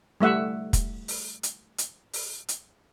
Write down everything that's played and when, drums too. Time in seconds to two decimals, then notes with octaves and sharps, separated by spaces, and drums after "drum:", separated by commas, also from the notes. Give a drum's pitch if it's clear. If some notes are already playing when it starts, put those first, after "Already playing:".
0.20 G3 A3 E5 F#5
0.73 drum: kick, hi-hat
1.08 drum: open hi-hat
1.43 drum: hi-hat
1.78 drum: hi-hat
2.13 drum: open hi-hat
2.48 drum: hi-hat